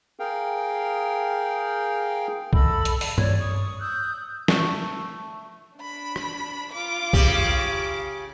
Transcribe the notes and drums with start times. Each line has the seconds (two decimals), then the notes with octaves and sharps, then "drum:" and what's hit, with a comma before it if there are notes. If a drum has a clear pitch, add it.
0.19 G#4 A#4 F5 G5
2.53 A4 D#5 B5 E6, drum: kick B1
2.85 drum: hi-hat
3.01 drum: open hi-hat
3.18 C#5 D5 G#6, drum: tom G2
3.39 C#6 D#6
3.79 D#6 E6 F#6 G6
4.48 A3, drum: snare
5.78 D4 B5
6.16 drum: rim click
6.72 F4 D6
7.13 C#3 G4, drum: kick B1